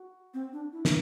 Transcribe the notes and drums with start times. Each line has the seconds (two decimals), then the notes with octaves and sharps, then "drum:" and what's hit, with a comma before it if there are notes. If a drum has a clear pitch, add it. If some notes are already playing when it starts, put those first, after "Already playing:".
Already playing: F#4
0.34 C4
0.53 D4
0.72 E4
0.85 drum: snare